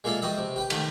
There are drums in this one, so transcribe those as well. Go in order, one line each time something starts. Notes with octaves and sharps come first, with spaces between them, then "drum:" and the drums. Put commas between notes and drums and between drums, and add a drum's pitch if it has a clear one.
G#3 A#3 F4 A4 D5 E5
F#4 G4 B4 D#5 E5
C3
G4 B4 G5
D#3 A3, drum: cymbal